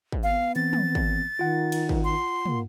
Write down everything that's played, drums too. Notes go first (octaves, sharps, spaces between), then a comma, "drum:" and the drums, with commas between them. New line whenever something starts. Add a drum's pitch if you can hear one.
drum: kick G#1
B3 F5
E3 C4 A6
drum: tom
drum: kick G#1
D#3 F4 F#5
drum: cymbal
drum: kick G#1
C6
A#3, drum: tom